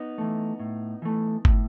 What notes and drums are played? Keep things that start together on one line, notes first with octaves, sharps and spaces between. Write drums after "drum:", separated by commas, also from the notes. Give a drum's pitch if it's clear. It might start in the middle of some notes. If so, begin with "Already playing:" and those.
Already playing: B3 D#4
E3 A3
A2
E3 A3
A2, drum: kick G1